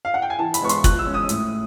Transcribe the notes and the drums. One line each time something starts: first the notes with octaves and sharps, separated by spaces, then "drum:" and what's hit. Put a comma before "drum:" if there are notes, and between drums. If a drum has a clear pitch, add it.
F5
F#5
G5
G#5
E3 A5
B5, drum: hi-hat
G#3 B3 C#6
C6, drum: hi-hat
F3 F#6, drum: kick, hi-hat
E6
G#3 C#4
D#6
A2, drum: hi-hat